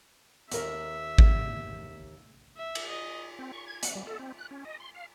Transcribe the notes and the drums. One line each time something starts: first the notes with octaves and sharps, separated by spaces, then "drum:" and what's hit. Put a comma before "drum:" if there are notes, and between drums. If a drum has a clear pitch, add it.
D#2 A#4 E5, drum: hi-hat
drum: kick G#1
E5
drum: cymbal
D#5
C4
C#6
G#6
F#5, drum: hi-hat
G3
A4
C4
F#6
C#4
D#5
C6
F5